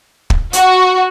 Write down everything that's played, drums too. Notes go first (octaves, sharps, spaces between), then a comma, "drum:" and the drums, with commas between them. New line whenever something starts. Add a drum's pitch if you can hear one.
drum: kick
F#4, drum: hi-hat